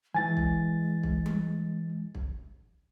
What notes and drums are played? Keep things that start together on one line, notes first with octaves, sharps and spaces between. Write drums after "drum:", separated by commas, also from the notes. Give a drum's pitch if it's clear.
E3 G#3 E4 G#5 A6
drum: kick
drum: kick
drum: tom G3
drum: kick